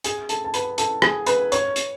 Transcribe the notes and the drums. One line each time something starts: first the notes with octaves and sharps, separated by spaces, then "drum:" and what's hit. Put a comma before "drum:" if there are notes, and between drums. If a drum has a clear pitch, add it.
G#4 G#5, drum: hi-hat
A4 A5, drum: hi-hat
A5
B4 B5, drum: hi-hat
A4 A5, drum: hi-hat
G#4 G#5, drum: rim click
B4 B5, drum: hi-hat
C#5 C#6, drum: hi-hat
drum: hi-hat